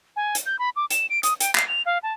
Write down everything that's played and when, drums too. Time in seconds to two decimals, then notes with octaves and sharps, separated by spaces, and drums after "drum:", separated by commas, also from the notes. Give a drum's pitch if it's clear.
0.16 G#5
0.35 drum: hi-hat
0.46 G6
0.59 B5
0.76 D6
0.90 E7, drum: hi-hat
1.10 D7
1.23 D#6, drum: hi-hat
1.40 G5, drum: hi-hat
1.55 C7, drum: clap
1.68 F7
1.86 F5
2.03 A5